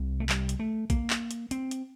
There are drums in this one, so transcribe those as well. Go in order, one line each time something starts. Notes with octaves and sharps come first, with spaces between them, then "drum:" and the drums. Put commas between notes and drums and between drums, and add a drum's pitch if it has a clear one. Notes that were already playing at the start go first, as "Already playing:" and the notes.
Already playing: C2 C3
A3
G3, drum: clap
drum: hi-hat
A3
A#3, drum: kick, hi-hat
drum: clap
drum: hi-hat
C4, drum: hi-hat
drum: hi-hat